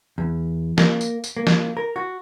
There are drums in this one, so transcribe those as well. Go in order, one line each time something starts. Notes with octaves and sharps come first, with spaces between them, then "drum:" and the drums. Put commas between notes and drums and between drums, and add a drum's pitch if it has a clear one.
E2
A#3, drum: snare
drum: tambourine
drum: tambourine
A#3
drum: snare
A#4
F#4